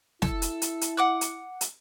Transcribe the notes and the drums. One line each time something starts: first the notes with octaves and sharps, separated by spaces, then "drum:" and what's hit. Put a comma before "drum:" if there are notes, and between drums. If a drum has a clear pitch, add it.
E4 A4, drum: snare
drum: hi-hat
drum: hi-hat
drum: hi-hat
F#5 D6 F#6
drum: hi-hat
drum: hi-hat